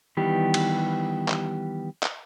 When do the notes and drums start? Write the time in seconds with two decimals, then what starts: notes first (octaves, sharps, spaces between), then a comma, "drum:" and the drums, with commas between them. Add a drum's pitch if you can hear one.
0.17 D#3 E3 G3 B3 G4
0.54 drum: cymbal
1.28 drum: clap
2.03 drum: clap